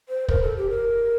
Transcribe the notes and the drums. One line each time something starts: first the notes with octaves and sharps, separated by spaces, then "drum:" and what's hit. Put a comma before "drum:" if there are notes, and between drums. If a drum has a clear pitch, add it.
C5
A#4, drum: kick
A4
G4
A#4